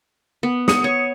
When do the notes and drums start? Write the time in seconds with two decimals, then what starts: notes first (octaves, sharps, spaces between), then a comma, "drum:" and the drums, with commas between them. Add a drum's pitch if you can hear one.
0.43 B3
0.68 D#6 C#7 D#7, drum: snare
0.84 C#5